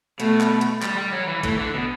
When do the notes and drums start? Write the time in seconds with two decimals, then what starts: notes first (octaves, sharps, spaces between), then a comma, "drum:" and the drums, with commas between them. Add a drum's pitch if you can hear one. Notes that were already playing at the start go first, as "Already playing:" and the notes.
0.20 B2 A3, drum: hi-hat
0.41 drum: clap
0.61 drum: hi-hat
0.82 G3, drum: clap
0.97 G3
1.13 F#3
1.28 E3
1.43 E3 A3, drum: kick, hi-hat
1.59 D3
1.74 B2